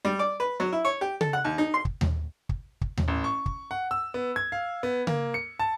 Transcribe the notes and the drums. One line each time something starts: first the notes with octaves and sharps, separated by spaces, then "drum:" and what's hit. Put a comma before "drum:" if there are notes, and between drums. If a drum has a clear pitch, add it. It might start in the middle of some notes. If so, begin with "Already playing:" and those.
G3
D5
B4
F#3
E4
C#5
G4
A4, drum: tom C#3
F#5
D#2
D#4
C6
drum: kick
drum: tom D#2
drum: kick
drum: kick
drum: tom D#2
A1
C#6
drum: kick
F#5
E6
B3
G#6
F5
B3
A#3, drum: tom C#3
C#7
A5